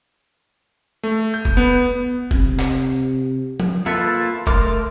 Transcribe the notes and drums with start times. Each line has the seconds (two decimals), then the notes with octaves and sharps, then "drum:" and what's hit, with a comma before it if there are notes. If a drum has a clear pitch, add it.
1.03 A3
1.34 G6
1.45 drum: kick E1
1.57 B3
2.31 C3, drum: kick E1
2.59 drum: clap
3.60 drum: tom
3.86 A#3 F4 A4 B4 E5
4.47 A3 A#4 C6 D6 F6, drum: kick E1